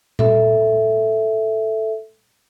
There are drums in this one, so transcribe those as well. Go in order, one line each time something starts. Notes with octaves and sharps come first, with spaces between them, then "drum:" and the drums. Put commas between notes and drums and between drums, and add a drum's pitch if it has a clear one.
A4 E5, drum: tom A#2